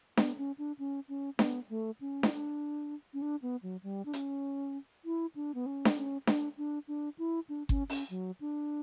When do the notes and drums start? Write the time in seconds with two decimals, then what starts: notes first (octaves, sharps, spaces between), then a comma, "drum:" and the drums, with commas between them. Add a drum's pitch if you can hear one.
0.17 B3, drum: snare D4
0.38 C#4
0.58 D4
0.79 C#4
1.09 C#4
1.39 B3, drum: snare D4
1.70 A3
2.01 C#4
2.23 E4, drum: snare D4
2.31 D4
3.14 C#4
3.22 D4
3.42 B3
3.63 F#3
3.83 G3
4.05 D4
4.13 C#4, drum: hi-hat
5.05 E4
5.35 D4
5.55 B3
5.66 C#4
5.85 drum: snare D4
5.96 C#4
6.27 D4, drum: snare D4
6.58 D4
6.88 D4
7.18 E4
7.49 D4
7.69 C#4, drum: kick G1
7.89 C#4, drum: open hi-hat
8.10 F#3
8.41 D4